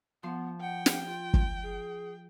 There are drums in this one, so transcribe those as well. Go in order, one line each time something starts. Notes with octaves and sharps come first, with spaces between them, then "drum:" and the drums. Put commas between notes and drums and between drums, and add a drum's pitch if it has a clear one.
F3 B3 C6
F#5 G5
drum: snare
F4
drum: kick
G#4